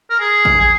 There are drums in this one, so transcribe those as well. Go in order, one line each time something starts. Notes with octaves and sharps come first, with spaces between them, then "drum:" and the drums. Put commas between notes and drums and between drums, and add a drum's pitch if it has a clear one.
A#4
G#4
drum: kick A1
G#4